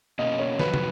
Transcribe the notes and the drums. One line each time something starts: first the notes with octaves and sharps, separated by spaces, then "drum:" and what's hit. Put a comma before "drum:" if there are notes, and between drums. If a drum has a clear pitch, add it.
B2 A#3 C#4 D#5
C#5
F2 D#3 F#3 B4, drum: snare
drum: tom